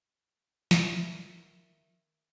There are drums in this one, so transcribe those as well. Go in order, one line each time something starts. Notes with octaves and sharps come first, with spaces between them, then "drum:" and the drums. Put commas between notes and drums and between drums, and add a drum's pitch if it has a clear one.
D#3 E4 E5 F5, drum: snare